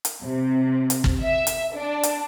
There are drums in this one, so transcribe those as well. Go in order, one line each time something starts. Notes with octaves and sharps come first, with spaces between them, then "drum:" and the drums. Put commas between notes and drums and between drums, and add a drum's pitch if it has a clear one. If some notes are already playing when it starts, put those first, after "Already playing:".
drum: hi-hat
C3
drum: hi-hat
drum: kick
E5
drum: hi-hat
D4
drum: hi-hat